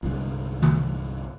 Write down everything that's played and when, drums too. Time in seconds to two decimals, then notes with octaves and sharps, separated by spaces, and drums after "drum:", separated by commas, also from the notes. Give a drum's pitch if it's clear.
0.03 C2 G2 D3 G#3
0.62 drum: tom